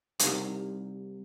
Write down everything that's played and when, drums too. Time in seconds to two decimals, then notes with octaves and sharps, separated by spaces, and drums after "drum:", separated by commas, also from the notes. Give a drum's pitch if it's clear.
0.19 C3 G3 D#4 G4 A#4 F#5, drum: hi-hat